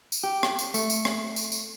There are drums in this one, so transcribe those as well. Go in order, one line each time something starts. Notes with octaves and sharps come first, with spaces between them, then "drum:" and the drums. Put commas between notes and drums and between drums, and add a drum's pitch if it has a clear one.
drum: tambourine
G4
drum: rim click
drum: tambourine
A3, drum: tambourine
drum: tambourine
drum: rim click
drum: tambourine
drum: tambourine